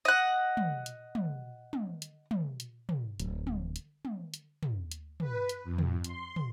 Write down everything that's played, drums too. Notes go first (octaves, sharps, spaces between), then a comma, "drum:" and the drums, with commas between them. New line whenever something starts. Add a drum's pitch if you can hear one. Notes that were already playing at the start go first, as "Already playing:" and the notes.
D#5 F#5
drum: tom
drum: hi-hat
drum: tom
drum: tom
drum: hi-hat
drum: tom
drum: hi-hat
drum: tom
D1, drum: hi-hat
drum: tom
drum: hi-hat
drum: tom
drum: hi-hat
drum: tom
drum: hi-hat
B4, drum: tom
drum: hi-hat
F2
drum: tom
C6, drum: hi-hat
drum: tom